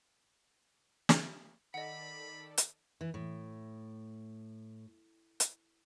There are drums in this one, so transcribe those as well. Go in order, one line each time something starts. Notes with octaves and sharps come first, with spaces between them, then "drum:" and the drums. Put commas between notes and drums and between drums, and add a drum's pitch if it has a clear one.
drum: snare
D#3 A4 D5 D#5 F#5 B5
drum: hi-hat
E3
A2
drum: hi-hat